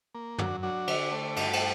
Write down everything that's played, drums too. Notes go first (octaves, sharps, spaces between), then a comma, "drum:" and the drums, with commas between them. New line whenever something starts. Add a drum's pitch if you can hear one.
A#3
F#2 D4 F#4, drum: tom
F#3 D4 F#4
D3, drum: cymbal
A3
G2 F#4 A4, drum: cymbal
drum: cymbal